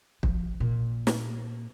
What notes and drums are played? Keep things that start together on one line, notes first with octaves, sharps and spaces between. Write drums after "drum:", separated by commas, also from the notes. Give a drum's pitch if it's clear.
F3, drum: kick
A#2
drum: snare